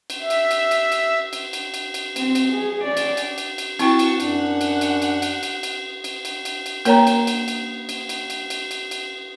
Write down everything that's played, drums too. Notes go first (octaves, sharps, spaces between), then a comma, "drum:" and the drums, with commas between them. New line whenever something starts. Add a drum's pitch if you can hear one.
drum: cymbal
E5
drum: cymbal
drum: cymbal
drum: cymbal
drum: cymbal
drum: cymbal
drum: cymbal
drum: cymbal
drum: cymbal
C4, drum: cymbal
drum: cymbal
G#4
C#4 D5
drum: cymbal
drum: cymbal
drum: cymbal
drum: cymbal
C4 E4 F#4 G5 A5 C#6, drum: cymbal
drum: cymbal
F#2 D4 F#5, drum: cymbal
drum: cymbal
drum: cymbal
drum: cymbal
drum: cymbal
drum: cymbal
drum: cymbal
drum: cymbal
drum: cymbal
drum: cymbal
drum: cymbal
A#3 A#4 C#5 G5 A#5, drum: cymbal
drum: cymbal
drum: cymbal
drum: cymbal
drum: cymbal
drum: cymbal
drum: cymbal
drum: cymbal
drum: cymbal
drum: cymbal